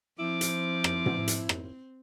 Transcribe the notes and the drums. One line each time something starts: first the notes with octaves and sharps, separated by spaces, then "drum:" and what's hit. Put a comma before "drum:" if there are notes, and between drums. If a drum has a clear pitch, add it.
F3 C4 E4 D6
drum: hi-hat
drum: rim click
drum: tom
drum: hi-hat
drum: rim click